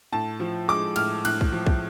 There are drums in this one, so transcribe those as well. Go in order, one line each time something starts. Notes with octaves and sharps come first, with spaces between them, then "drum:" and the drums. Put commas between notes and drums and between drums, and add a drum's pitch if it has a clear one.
A2 A5
F3
G#3 D6
A2 F6, drum: cymbal
A2 F#6, drum: cymbal
drum: kick B1
F3
drum: kick B1